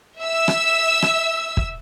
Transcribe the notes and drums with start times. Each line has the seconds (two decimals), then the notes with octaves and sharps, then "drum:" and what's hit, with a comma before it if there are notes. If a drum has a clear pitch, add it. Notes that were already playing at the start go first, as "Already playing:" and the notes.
0.20 E5 E6
0.48 drum: rim click
1.02 drum: rim click
1.57 drum: kick